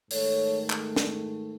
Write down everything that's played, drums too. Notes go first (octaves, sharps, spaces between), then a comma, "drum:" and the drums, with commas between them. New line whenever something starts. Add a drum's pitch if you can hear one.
G#2 D#3 A3 A4 C#5, drum: open hi-hat
drum: clap
drum: snare